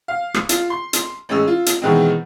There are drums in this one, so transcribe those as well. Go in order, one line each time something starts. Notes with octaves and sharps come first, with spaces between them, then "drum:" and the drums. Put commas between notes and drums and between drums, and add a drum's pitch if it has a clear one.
F5
drum: rim click
F4, drum: hi-hat
C6
drum: hi-hat
A1 G#3 C#4 E6
F4
drum: hi-hat
B2 D#3 E3 G#3 C4